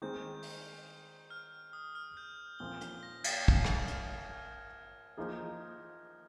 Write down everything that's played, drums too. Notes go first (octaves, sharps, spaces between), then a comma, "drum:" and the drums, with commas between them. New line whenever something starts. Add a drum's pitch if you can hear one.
D#3 G#3 C4 G6
drum: open hi-hat
F6
D#6
F6
G6
A#2 F3 C4 G7
G7, drum: hi-hat
A#6
G#6, drum: cymbal
drum: kick
drum: rim click
F6, drum: hi-hat
F3 A#3 D#4 G#4